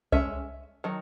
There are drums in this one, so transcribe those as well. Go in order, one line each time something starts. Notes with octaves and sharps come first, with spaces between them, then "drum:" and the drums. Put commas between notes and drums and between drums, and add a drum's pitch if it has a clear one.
G#3 C#4 E5, drum: kick C2
D#3 F#3